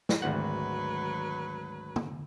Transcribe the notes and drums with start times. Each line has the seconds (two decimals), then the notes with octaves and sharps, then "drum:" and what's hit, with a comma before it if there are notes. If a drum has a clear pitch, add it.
0.09 drum: snare
0.22 G#1 D2 F#3 B4 F#5
1.96 drum: tom